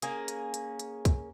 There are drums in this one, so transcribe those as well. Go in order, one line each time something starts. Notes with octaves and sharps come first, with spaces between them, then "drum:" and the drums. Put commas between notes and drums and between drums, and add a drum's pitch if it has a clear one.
A#3 C#4 G#4, drum: hi-hat
drum: hi-hat
drum: hi-hat
drum: hi-hat
drum: kick, hi-hat